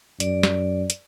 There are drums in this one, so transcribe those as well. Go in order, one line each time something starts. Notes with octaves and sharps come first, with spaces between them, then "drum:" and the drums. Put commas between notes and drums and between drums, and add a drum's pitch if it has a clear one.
F#2 D5, drum: hi-hat
drum: snare
drum: hi-hat